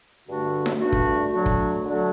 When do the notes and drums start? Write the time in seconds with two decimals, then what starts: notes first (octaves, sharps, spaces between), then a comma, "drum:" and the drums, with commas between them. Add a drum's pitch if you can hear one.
0.26 G2 D3 A3 D4 F#4
0.66 drum: snare D#4
0.79 G2 D3 A3 D4 F#4
0.92 drum: kick
1.32 D3 F#3 A3 D4 F#4
1.46 drum: kick
1.85 D3 F#3 A3 D4 F#4